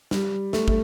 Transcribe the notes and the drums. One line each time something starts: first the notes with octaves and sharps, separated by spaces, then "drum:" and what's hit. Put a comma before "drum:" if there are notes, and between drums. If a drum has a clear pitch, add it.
G3, drum: snare
A3, drum: snare
A3, drum: kick